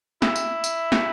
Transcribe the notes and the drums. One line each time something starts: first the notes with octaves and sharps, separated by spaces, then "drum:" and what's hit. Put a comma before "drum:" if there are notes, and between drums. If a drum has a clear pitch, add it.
E4, drum: snare
drum: tambourine
drum: tambourine
drum: snare